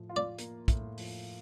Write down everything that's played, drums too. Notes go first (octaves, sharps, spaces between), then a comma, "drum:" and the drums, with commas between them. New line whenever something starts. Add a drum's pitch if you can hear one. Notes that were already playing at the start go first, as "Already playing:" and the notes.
Already playing: A2 F3
F4
D5
A#3, drum: hi-hat
A2, drum: kick, hi-hat
F3, drum: open hi-hat